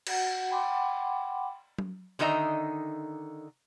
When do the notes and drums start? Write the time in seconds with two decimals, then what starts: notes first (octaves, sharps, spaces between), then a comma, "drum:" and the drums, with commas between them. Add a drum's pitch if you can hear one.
0.07 F#4 F#5, drum: cymbal
0.50 F#5 G5 B5 C6 D6
1.78 drum: tom F#3
2.19 D3 D#3 D#4 D#5 E5 A#5